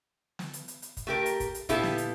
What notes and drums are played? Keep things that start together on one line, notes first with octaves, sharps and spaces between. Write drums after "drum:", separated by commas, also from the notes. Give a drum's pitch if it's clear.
drum: snare
drum: hi-hat
drum: hi-hat
drum: hi-hat
drum: kick, hi-hat
A3 G4 A#4
drum: hi-hat
drum: kick, hi-hat
drum: hi-hat
A#2 B3 E4 G4 A4, drum: kick, hi-hat
drum: snare
drum: hi-hat